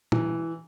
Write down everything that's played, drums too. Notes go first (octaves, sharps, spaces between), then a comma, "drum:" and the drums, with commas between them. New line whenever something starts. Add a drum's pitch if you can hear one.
E3, drum: tom